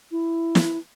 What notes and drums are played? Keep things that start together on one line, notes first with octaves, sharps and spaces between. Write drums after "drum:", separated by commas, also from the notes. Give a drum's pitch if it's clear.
E4
drum: snare